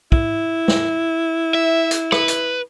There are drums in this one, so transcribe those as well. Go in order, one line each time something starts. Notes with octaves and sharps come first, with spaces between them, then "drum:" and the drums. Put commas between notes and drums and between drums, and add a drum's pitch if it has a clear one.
E4, drum: kick
drum: snare
E5
drum: hi-hat
B4, drum: rim click
drum: hi-hat